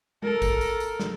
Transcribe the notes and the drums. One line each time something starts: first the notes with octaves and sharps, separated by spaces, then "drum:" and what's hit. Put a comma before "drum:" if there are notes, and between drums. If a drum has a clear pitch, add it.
A4 A#4, drum: tom G#3
drum: kick, tambourine
drum: tambourine
drum: tambourine
drum: snare